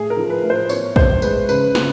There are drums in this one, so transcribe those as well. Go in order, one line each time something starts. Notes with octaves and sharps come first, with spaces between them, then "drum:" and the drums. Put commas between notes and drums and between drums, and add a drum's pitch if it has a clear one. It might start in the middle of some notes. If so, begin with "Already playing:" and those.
Already playing: A2 G#4
A#4
F3
B4
A2
C5
B3 C#5, drum: tambourine
A2 C5, drum: kick
G#3 B4, drum: tambourine
C#3 B4, drum: tambourine
C#3, drum: snare